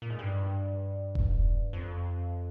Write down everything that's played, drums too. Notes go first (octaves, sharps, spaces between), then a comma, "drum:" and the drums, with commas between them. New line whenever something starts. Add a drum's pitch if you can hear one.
A#2
G#2
G2
drum: kick E1
F2